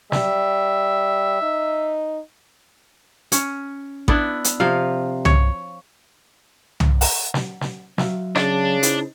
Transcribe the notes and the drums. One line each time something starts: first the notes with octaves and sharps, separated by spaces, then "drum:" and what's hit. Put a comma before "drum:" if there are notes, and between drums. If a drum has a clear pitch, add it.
G3 E5, drum: snare
D#4
C#4, drum: hi-hat
B3 D4 E4, drum: kick A1
drum: hi-hat
C3 F3 F5
C#5, drum: tom C2
drum: tom C2
F#5 A#5, drum: open hi-hat
drum: snare
drum: snare
F#3 E5 F5, drum: snare
C#3 D4, drum: rim click
D#4 E4 C5, drum: hi-hat